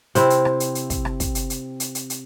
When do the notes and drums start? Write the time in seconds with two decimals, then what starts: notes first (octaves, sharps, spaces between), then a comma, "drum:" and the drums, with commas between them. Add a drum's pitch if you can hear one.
0.15 C3 C4 E4, drum: hi-hat
0.30 drum: hi-hat
0.45 drum: rim click
0.60 drum: hi-hat
0.75 drum: hi-hat
0.90 drum: kick, hi-hat
1.05 drum: rim click
1.20 drum: kick, hi-hat
1.35 drum: hi-hat
1.50 drum: hi-hat
1.80 drum: hi-hat
1.95 drum: hi-hat
2.10 drum: hi-hat